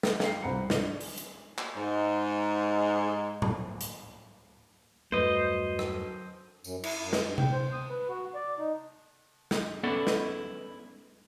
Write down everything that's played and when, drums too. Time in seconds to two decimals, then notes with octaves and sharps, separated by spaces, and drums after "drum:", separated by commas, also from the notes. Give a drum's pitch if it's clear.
0.03 drum: snare
0.20 F5 G5 C7, drum: snare
0.42 C2 C5 F#5 A#5 B5 C#7
0.70 C2 E3 D4 D5, drum: snare
1.01 drum: open hi-hat
1.18 drum: hi-hat
1.58 drum: clap
1.76 G#2 G#3
3.42 drum: tom A2
3.81 drum: hi-hat
5.12 E2 G2 F#3 A3 B4 C5 D#5
5.79 drum: rim click
6.64 F#2, drum: tambourine
6.84 E4, drum: cymbal
7.02 F#2
7.13 drum: snare
7.23 G2
7.38 G5, drum: tom C3
7.52 C5
7.72 D#6
7.89 B4
8.09 F#4
8.34 D5
8.59 D#4
9.51 drum: snare
9.83 B3 C#4 E4 A4 D5 F#5
10.07 drum: snare